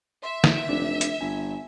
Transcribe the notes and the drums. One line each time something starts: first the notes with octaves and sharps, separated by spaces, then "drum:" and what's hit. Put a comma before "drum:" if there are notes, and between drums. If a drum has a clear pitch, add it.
E5 C6
drum: snare
F1 D4
drum: hi-hat
G1 G#5